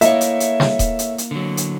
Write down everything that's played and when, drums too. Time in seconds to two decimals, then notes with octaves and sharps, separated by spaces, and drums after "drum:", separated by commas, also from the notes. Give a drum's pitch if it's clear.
0.01 A#3 E4 A4 C#5 D#5 E5, drum: hi-hat
0.21 drum: hi-hat
0.40 drum: hi-hat
0.60 drum: snare
0.79 drum: kick D#1, hi-hat
0.99 drum: hi-hat
1.18 drum: hi-hat
1.31 D3 F#3
1.57 drum: hi-hat